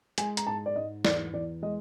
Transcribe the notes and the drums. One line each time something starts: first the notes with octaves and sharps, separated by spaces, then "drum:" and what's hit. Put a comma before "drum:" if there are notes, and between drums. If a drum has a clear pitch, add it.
G#3 G#5, drum: hi-hat
A#5, drum: hi-hat
G#2 A5
D5
G#2 D#5
E2 D5, drum: snare
E2 D5
G#3 D#5